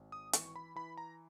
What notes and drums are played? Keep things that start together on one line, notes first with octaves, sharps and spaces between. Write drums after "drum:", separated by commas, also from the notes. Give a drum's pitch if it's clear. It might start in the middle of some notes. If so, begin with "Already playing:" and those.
Already playing: G#1
D#6
E3 C#6, drum: hi-hat
B5
E3 B5
A#5